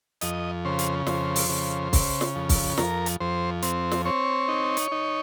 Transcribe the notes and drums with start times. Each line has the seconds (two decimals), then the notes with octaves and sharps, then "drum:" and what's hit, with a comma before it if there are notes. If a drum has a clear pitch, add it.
0.21 F2 D#5, drum: hi-hat
0.65 C#3 C5
0.79 drum: hi-hat
1.07 F2 C5, drum: snare
1.36 drum: open hi-hat
1.49 C#3
1.93 C#3, drum: kick, open hi-hat
2.21 drum: snare
2.36 F2
2.49 drum: kick, open hi-hat
2.78 F2 A#4, drum: snare
3.06 drum: hi-hat
3.21 F2 C5
3.63 C4, drum: hi-hat
3.91 drum: snare
4.05 C4 C#5
4.48 D#4
4.77 drum: hi-hat
4.92 D#4